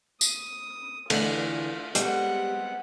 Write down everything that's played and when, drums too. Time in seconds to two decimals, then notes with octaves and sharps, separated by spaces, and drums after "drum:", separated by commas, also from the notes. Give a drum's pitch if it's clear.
0.21 D#6, drum: tambourine
1.10 D3 E3 A3 F4 F#7, drum: cymbal
1.95 G3 G#3 B3 C4 F#5, drum: hi-hat